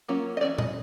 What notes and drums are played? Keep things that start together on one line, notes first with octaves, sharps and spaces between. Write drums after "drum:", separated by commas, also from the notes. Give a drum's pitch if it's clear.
F#3 A#3 C#4 F4
D#5
E3 A3 C#4 D5
D#5, drum: tom A#2